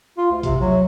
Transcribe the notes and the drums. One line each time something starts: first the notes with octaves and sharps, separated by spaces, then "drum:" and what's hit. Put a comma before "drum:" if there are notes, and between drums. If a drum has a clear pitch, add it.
F4
D2
C3, drum: kick A1, hi-hat
F#3